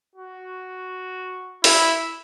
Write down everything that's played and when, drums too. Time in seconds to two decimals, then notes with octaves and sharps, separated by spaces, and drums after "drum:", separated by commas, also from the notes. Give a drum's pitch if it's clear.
0.15 F#4
1.64 E4, drum: open hi-hat